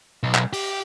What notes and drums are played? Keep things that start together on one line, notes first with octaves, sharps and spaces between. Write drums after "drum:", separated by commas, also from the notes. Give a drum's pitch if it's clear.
B1
drum: clap
G4, drum: open hi-hat